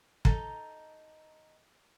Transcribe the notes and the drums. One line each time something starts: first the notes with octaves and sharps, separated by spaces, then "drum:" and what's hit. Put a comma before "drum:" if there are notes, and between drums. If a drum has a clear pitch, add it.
D#4 A4 A#5, drum: kick